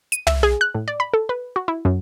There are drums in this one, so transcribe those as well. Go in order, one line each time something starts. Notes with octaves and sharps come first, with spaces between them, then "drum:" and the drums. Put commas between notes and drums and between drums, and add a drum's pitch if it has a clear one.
D#7, drum: hi-hat
E5, drum: tom
G#4
F#6
A2
D5
B5
A4
B4
F#4
E4
F#2